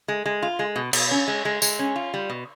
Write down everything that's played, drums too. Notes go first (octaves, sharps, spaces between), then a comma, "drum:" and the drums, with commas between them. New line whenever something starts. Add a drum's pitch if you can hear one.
G#3
G#3
F4
G#3
B2
B2, drum: cymbal
C#4
G#3
G#3
G#3, drum: tambourine
C#4
F4
G3
B2